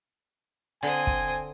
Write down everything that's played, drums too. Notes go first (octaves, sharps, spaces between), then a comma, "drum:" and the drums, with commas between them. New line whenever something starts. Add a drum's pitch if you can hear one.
D3 C4 G#5 D#6
drum: kick